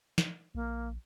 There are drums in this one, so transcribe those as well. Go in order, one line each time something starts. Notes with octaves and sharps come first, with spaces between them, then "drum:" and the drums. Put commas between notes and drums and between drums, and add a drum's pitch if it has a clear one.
drum: snare
A#1 A#3